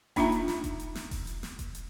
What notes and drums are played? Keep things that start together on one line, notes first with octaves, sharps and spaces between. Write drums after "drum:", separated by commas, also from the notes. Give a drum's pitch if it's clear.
A#3 D4 D#4 F4 E5 A#5, drum: kick E1, open hi-hat
drum: hi-hat
drum: snare
drum: kick E1, hi-hat
drum: hi-hat
drum: snare
drum: kick E1, open hi-hat
drum: hi-hat
drum: snare
drum: kick E1, hi-hat
drum: hi-hat